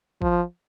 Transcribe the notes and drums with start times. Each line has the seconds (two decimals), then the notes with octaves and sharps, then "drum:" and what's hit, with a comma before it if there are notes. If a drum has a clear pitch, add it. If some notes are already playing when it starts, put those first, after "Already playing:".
0.22 F3, drum: kick